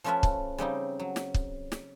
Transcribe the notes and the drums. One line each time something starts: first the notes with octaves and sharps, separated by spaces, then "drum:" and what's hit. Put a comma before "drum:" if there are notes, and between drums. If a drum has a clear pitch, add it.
F3 A3 C#4 F4 B4 E5
drum: kick
C#3 G3 C4 D#4
F#3
drum: snare
drum: kick
drum: snare